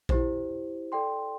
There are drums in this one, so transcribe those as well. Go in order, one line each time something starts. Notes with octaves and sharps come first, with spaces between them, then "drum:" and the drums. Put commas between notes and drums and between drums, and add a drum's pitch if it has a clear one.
E4 G4 C5, drum: kick A#1
A4 D5 G5 C6